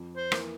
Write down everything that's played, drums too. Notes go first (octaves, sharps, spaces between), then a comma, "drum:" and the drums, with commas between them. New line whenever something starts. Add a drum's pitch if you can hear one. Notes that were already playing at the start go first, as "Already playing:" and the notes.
Already playing: F2
C5
E3 A#3, drum: rim click